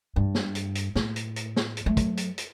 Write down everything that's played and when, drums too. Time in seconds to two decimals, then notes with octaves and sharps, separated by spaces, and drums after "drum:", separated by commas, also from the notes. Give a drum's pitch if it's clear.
0.16 G2
0.35 drum: snare
0.55 drum: hi-hat
0.75 drum: hi-hat
0.96 A2, drum: snare
1.16 drum: hi-hat
1.36 drum: hi-hat
1.56 drum: snare
1.77 drum: hi-hat
1.86 F#3 A3
1.97 drum: kick, hi-hat
2.17 drum: hi-hat
2.38 drum: hi-hat